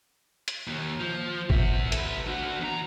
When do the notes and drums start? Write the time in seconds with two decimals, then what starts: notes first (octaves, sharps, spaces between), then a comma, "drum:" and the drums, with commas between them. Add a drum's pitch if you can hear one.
0.48 drum: hi-hat
0.67 D#2
1.00 F3
1.50 B3 E5, drum: kick G#1
1.92 A4 B4, drum: hi-hat
2.27 D3 F#4
2.60 E2 A#5